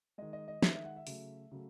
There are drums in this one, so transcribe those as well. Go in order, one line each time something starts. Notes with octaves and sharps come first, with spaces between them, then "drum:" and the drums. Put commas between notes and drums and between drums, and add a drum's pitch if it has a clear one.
D#3 G#3 D#5
D#5
D#5
D#3 G#3 E5, drum: snare
E5
F#5
E5
C#3 F#3 A3, drum: open hi-hat
C#3 F#3 A3